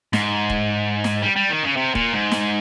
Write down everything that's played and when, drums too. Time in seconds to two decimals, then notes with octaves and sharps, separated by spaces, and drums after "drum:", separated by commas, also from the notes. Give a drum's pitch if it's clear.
0.13 G#2, drum: snare
0.50 drum: kick
1.04 drum: snare
1.23 G3
1.36 G3
1.50 D#3
1.63 C#3
1.77 C3
1.95 A#2, drum: kick
2.13 G#2
2.32 drum: snare